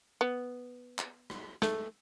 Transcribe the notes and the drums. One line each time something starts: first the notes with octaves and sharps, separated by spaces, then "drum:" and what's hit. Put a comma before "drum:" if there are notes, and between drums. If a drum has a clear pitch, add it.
B3
drum: clap
drum: rim click
A3, drum: snare